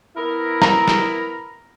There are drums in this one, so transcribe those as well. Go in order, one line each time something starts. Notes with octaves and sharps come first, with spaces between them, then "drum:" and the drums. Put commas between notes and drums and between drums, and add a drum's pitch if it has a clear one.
B3 E4 A#4
A#5, drum: snare
drum: snare